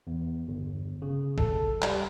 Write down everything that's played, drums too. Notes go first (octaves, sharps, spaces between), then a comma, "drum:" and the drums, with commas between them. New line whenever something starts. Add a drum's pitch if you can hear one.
E2
G1
C#3
A4, drum: kick
G3, drum: clap